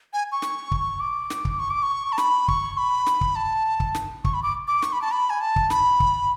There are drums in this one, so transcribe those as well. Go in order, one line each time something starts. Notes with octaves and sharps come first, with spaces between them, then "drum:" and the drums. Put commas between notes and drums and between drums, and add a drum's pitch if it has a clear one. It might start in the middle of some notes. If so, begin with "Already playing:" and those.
G#5
C#6
drum: snare
drum: kick
D6
drum: snare
drum: kick
C#6
D6
C#6
A5
B5, drum: snare
C#6, drum: kick
B5
drum: snare
drum: kick
A5
drum: kick
drum: snare
C#6, drum: kick
B5
D6
D6
C#6, drum: snare
B5
A5
B5
G#5
A5
drum: kick
B5, drum: snare
drum: kick